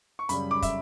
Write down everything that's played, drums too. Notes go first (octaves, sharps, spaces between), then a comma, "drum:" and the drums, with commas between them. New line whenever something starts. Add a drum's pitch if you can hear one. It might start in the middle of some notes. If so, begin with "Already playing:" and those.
C#6
F#2 C#3 G3 B5, drum: hi-hat
D6
E5, drum: kick, hi-hat